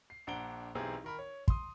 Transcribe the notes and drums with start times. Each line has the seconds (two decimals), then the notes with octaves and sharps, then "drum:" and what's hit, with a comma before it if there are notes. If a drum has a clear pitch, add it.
0.10 C7
0.27 A#1 D4 F#5 A#5 D7 G7
0.75 B1 E3 C4 G4 G#4 A#5
1.04 D#3 A#4 B5
1.19 C#5
1.48 C6 D#6, drum: kick